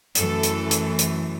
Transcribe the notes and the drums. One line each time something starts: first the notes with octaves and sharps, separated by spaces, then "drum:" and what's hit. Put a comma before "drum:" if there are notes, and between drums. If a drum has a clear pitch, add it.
F#2 E3 A3 A4, drum: hi-hat
drum: hi-hat
drum: hi-hat
drum: hi-hat